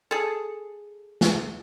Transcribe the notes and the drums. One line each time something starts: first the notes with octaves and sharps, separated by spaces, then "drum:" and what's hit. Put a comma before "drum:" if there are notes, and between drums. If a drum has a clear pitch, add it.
G#4 A4
drum: snare